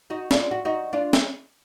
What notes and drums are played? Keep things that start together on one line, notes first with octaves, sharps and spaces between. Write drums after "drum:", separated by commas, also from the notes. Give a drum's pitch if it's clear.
D#4 F#4
D4 F4, drum: snare
F#4
D#4 F#4
D4 F4
drum: snare